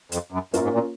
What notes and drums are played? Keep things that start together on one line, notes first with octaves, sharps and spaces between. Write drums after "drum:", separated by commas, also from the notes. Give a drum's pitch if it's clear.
F2, drum: hi-hat
F#2
F#2 A#3 C#4 F4 A#4, drum: hi-hat
G#2
A#2